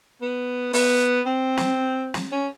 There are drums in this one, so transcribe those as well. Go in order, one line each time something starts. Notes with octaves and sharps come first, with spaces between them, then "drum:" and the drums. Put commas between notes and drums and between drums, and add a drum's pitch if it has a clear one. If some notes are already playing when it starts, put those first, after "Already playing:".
B3
B3, drum: open hi-hat
C4
drum: snare
drum: snare
C#4